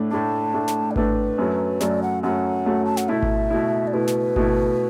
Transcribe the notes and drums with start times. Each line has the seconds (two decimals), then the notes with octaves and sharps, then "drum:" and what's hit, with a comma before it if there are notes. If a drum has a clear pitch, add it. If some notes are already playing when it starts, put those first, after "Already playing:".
Already playing: A2 A3 D4
0.11 A2 A3 D4 A5
0.54 A2 A3 D4
0.68 drum: snare
0.91 D5
0.96 A2 A3 D4 B4, drum: kick G#1
1.38 F#2 F#3 A3
1.80 F#2 F#3 A3 D5, drum: snare
2.03 F#5
2.23 F#2 F#3 A3 F#5
2.66 F#2 F#3 A3
2.85 A5
2.97 F#5, drum: snare
3.09 B2 A3 E4 E5
3.23 drum: kick G#1
3.50 B2 A3 E4
3.87 D5
3.93 B2 A3 E4 B4
4.08 drum: snare
4.36 B2 A3 E4, drum: kick G#1